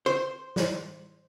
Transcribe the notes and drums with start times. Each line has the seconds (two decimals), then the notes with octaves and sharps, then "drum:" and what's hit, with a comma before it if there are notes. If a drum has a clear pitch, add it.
0.06 C5
0.56 drum: snare